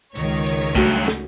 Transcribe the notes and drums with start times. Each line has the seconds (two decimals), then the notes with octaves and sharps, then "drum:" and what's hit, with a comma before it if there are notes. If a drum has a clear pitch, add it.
0.15 C#2 D#3 C#5, drum: hi-hat
0.46 drum: hi-hat
0.75 G2 F#3 A3 F#4, drum: kick
1.08 drum: snare